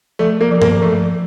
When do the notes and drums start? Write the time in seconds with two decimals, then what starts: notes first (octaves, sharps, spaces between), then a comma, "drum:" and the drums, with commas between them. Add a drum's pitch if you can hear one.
0.19 F3 A3
0.41 A#3
0.51 F3
0.62 A#3, drum: tom G2
0.82 F3 A3